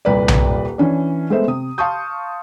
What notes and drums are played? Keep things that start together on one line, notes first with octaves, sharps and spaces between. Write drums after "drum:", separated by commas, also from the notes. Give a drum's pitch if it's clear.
D#1 C2 B4 D5
drum: tom B1
E3 C#4 D4
G#3 A3 B3 C5 E5
C3 D#6
F5 A5 C6 C#6 D#6 G6